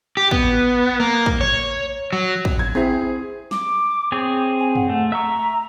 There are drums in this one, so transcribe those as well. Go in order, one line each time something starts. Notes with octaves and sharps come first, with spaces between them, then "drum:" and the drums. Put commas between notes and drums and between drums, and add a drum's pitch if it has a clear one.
G4
B3, drum: kick
A#3
drum: kick
C#5, drum: tom
F#3
drum: kick
G#6
C4 E4 G#4
D6, drum: snare
C4 G#4 C#5
G#5
F#5, drum: tom
A3
E5 A#5 C#6